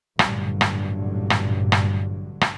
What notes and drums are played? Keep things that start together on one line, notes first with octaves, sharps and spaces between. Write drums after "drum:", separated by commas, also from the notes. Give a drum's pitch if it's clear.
A1 G2 A#2 D3 F#3, drum: rim click
drum: rim click
drum: rim click
drum: rim click
drum: rim click